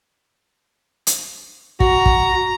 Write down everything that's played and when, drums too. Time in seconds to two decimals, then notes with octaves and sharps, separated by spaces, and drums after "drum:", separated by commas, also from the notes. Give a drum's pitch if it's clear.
1.07 drum: hi-hat
1.80 F#4 A#5, drum: kick
2.06 drum: kick